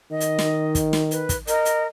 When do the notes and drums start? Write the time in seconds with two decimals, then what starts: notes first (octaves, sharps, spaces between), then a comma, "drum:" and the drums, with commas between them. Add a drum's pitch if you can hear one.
0.11 D#3 D#5
0.20 drum: hi-hat
0.39 drum: snare
0.75 drum: kick, hi-hat
0.93 drum: snare
1.11 B4, drum: hi-hat
1.29 drum: kick, hi-hat
1.47 A#4 D#5, drum: hi-hat
1.65 drum: hi-hat